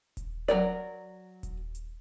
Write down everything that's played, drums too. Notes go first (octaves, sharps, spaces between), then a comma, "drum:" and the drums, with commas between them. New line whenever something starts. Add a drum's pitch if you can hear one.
drum: kick D#1, hi-hat
F#3 C#4 A#4 D5, drum: hi-hat
drum: kick D#1, hi-hat
drum: hi-hat